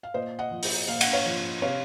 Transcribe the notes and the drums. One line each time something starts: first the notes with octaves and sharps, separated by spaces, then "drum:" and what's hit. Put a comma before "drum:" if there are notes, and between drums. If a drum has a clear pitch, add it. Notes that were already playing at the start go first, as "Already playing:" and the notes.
F5
A#2 C5 D#5
D#5 F#5
F3
drum: open hi-hat
A#2 F5
F#5, drum: cymbal
C#5 F5
F3
C3 C#5 F5